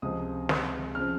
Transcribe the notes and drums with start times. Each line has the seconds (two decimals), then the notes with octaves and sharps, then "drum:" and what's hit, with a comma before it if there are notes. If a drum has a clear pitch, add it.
0.02 C#2 C3 F3 D#6
0.49 drum: snare
0.95 C#3 F3 F6